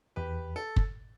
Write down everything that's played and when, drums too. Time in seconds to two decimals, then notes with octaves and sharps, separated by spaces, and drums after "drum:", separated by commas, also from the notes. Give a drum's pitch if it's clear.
0.16 E2 G4 B4
0.56 A4
0.76 drum: kick